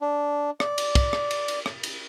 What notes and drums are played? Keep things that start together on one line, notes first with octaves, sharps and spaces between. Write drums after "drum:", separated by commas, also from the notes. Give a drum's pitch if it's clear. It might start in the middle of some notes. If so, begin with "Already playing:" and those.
D4
D5, drum: rim click
drum: cymbal
drum: kick, cymbal
drum: rim click
drum: cymbal
drum: cymbal
drum: rim click
drum: cymbal